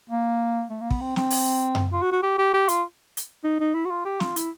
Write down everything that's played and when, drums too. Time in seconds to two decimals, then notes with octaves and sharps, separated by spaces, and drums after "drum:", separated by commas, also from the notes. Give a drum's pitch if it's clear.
0.09 A#3
0.70 A3
0.80 A#3
0.91 B3, drum: kick
1.01 C4
1.16 C4, drum: snare
1.30 drum: open hi-hat
1.75 drum: tom F#2
1.93 F4
2.02 F#4
2.12 F#4
2.22 G4
2.38 G4
2.54 G4
2.68 F4, drum: hi-hat
3.17 drum: hi-hat
3.44 D#4
3.60 D#4
3.74 E4
3.85 F#4
3.90 F4
4.05 G4
4.20 F4, drum: snare
4.36 E4, drum: hi-hat